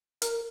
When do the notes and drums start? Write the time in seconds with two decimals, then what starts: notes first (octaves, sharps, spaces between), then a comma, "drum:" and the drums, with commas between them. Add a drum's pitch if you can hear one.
0.22 A#4, drum: hi-hat